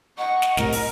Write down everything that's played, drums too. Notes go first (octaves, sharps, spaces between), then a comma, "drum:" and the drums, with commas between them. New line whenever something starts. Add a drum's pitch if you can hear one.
D#5 F#5 C#6
drum: snare
C2 A2 C3 A#4 A#5, drum: snare
drum: open hi-hat